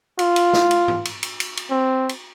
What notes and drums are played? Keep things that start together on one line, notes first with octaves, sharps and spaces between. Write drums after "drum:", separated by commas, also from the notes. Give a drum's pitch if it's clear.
F4, drum: cymbal
drum: cymbal
drum: snare
drum: cymbal
drum: tom G#2
drum: cymbal
drum: cymbal
drum: cymbal
drum: cymbal
C4
drum: cymbal